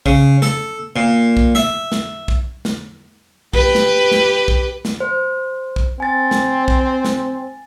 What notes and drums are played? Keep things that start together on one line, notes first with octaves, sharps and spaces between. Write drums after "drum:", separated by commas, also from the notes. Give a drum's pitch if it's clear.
C#3, drum: kick
A4, drum: snare
A#2
drum: kick
E5, drum: snare
drum: snare
drum: kick
drum: snare
G4 B4, drum: kick
drum: snare
drum: snare
drum: kick
drum: snare
C5
drum: kick
C4 G#5 A6
drum: snare
drum: kick
drum: snare